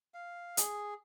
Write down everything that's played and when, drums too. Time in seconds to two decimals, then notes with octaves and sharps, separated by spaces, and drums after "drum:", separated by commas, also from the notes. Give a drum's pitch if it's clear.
0.14 F5
0.57 G#4, drum: hi-hat